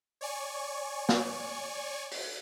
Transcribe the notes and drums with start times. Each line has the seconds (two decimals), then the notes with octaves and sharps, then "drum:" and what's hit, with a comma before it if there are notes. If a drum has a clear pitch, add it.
0.21 C#5 D5 G#5 C#6
1.09 drum: snare
2.11 drum: open hi-hat